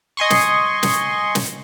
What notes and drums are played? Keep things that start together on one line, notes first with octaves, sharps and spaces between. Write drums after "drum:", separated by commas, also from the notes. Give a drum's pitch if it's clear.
D#5 G#5 C6 C#6
drum: snare
drum: snare
drum: snare